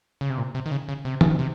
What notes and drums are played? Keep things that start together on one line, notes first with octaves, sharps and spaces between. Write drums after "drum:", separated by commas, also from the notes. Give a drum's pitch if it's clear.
C#3
C3
A#2
C3
D#3
C#3
C#3
C3
drum: tom D#3
C3